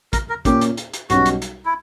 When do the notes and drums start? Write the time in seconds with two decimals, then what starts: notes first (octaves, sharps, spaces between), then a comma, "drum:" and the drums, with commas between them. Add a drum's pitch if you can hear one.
0.13 A#4, drum: kick, hi-hat
0.29 A#4
0.45 A#2 A#3 C#4 G4, drum: kick, hi-hat
0.61 drum: hi-hat
0.77 drum: hi-hat
0.94 drum: hi-hat
1.10 B1 B2 G3 C#4 F#4, drum: hi-hat
1.26 drum: hi-hat
1.42 drum: hi-hat
1.65 E4